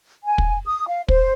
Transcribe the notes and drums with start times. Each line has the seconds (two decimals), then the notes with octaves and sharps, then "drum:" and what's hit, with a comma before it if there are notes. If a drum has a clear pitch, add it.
0.25 G#5
0.38 drum: kick
0.67 D#6
0.88 F5
1.08 C5, drum: kick